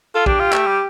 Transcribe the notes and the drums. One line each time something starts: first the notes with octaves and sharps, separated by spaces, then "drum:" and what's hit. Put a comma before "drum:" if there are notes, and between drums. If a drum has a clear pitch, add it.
F4 A4
D4 G4, drum: kick A#1
F4
A3, drum: clap
G3